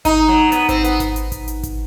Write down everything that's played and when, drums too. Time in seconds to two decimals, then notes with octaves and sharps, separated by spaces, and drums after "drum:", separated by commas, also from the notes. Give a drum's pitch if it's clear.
0.05 D#4, drum: kick G#1, hi-hat
0.28 F#3
0.52 B3, drum: hi-hat
0.69 C4, drum: kick G#1, hi-hat
0.84 B3, drum: hi-hat
1.00 drum: kick G#1, hi-hat
1.16 drum: hi-hat
1.32 drum: kick G#1, hi-hat
1.48 drum: hi-hat
1.63 drum: kick G#1, hi-hat